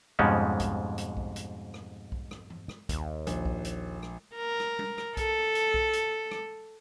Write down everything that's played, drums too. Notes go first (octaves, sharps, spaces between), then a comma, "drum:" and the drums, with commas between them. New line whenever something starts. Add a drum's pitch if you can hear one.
F2 G#2 B2 G3 G#3 C#4
drum: kick B1, hi-hat
drum: hi-hat
drum: kick B1
drum: hi-hat
drum: rim click
drum: kick B1
drum: rim click
drum: tom G2
drum: rim click
D#2, drum: kick B1, hi-hat
A#1, drum: hi-hat
drum: kick B1
drum: hi-hat
drum: rim click
A#4
drum: rim click
drum: tom G3
drum: rim click
A4, drum: kick B1, hi-hat
drum: hi-hat
drum: kick B1
drum: hi-hat
drum: rim click